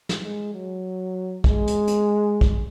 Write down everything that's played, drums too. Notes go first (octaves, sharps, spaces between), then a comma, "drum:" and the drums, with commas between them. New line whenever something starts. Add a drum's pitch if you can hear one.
drum: snare
G#3
F#3
G#3, drum: kick
drum: hi-hat
drum: hi-hat
drum: kick